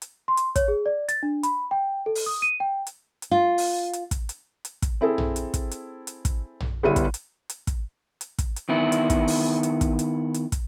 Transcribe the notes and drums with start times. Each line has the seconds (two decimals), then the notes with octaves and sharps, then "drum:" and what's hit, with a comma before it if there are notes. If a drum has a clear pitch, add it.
0.02 drum: hi-hat
0.28 C6
0.37 drum: hi-hat
0.56 C#5, drum: kick, hi-hat
0.68 G#4
0.86 D5
1.08 A6, drum: hi-hat
1.23 D4
1.43 B5, drum: hi-hat
1.71 G5
2.06 A4
2.15 drum: open hi-hat
2.26 D#6
2.42 D#7
2.60 G5
2.87 drum: hi-hat
3.22 drum: hi-hat
3.31 F4
3.58 drum: open hi-hat
3.93 drum: hi-hat
4.11 drum: kick, hi-hat
4.29 drum: hi-hat
4.65 drum: hi-hat
4.82 drum: kick, hi-hat
5.01 C4 E4 G#4 A4
5.18 drum: tom
5.36 drum: hi-hat
5.54 drum: kick, hi-hat
5.71 drum: hi-hat
6.07 drum: hi-hat
6.25 drum: kick, hi-hat
6.60 drum: tom
6.83 G1 G3 B3 E4 D#7
6.96 drum: kick, hi-hat
7.14 drum: hi-hat
7.49 drum: hi-hat
7.67 drum: kick, hi-hat
8.21 drum: hi-hat
8.39 drum: kick, hi-hat
8.56 drum: hi-hat
8.69 D#3 B3 E4
8.92 drum: hi-hat
9.10 drum: kick, hi-hat
9.28 drum: open hi-hat
9.63 drum: hi-hat
9.81 drum: kick, hi-hat
9.99 drum: hi-hat
10.34 drum: hi-hat
10.52 drum: kick, hi-hat